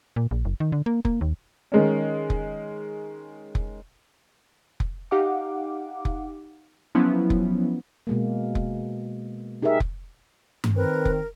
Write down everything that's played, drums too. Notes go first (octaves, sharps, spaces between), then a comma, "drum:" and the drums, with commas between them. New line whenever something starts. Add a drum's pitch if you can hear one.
A#2
A#1
F#1
D#3
D3
A#3
A#3, drum: kick F1
D#2
D#3 G#3 C#4
drum: kick F1
drum: kick F1
drum: kick F1
D#4 G4 F5 F#5 D6
drum: kick F1
F3 F#3 B3 C#4 E4
drum: kick F1
B2 G#3 A#3
drum: kick F1
D#4 G4 G#4 A#4 E5
drum: kick F1
drum: tom G2
D#3 C4 A#4 B4
drum: kick F1